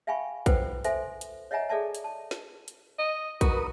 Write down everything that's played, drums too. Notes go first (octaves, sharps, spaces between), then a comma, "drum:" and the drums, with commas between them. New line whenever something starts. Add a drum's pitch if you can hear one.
E5 F5 G5 G#5 B5 C#6
F4 A4 B4 C5 F#5 G5, drum: kick A#1, hi-hat
A4 C5 E5 G#5 C6, drum: hi-hat
drum: hi-hat
C#5 D#5 E5 F#5 G#5 A#5
G#4 A4 D5 E5 A5
drum: hi-hat
A5
drum: snare
drum: hi-hat
D#5
F#4 A#4 B4 D#6, drum: kick A#1, hi-hat